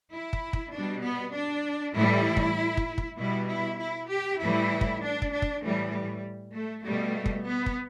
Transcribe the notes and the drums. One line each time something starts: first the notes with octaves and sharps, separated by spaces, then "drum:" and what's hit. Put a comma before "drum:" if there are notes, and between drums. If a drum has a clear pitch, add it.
E4
drum: kick
drum: kick
B2 G3 D4
B3
D4
A2 E3 G3 E4
drum: kick
drum: kick
drum: kick
B2 G3 E4
E4
E4
G4
A2 E3 G3 E4
drum: kick
D4
drum: kick
D4
drum: kick
A2 E3 G3 A3
G3
A3
B2 G3 A3
drum: kick
B3
drum: kick